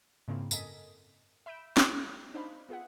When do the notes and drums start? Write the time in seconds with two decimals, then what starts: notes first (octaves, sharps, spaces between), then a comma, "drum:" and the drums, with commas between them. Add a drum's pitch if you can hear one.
0.28 G#2 C#3 A#3 C4 E4 F4
0.51 F#2 A4 A#4 D#5 G#5 B6, drum: tambourine
1.46 E5 B5 E6 G6 D7 E7
1.77 drum: snare
2.34 D4 D#4 C5 F5 B5
2.69 B3 F4 G#4 E5 F#5